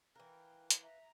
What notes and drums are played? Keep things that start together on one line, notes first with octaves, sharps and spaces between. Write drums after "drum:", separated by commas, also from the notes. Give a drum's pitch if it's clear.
E3 A#4 B4 F5 G5 F#6
drum: hi-hat
E5 A#5